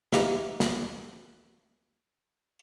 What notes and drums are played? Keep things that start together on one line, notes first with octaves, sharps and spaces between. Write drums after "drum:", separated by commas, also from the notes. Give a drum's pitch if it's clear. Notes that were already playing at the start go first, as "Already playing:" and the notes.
D#4 G4 A#4 B4 E5 F5, drum: snare
drum: snare